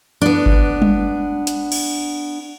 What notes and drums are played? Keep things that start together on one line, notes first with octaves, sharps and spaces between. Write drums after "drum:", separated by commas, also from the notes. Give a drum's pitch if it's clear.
B3 D4
drum: kick G1
drum: tom G3
drum: hi-hat
drum: cymbal